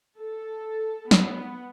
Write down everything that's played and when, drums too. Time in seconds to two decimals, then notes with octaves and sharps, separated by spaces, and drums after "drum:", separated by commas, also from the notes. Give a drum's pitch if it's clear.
0.18 A4
1.11 B3, drum: snare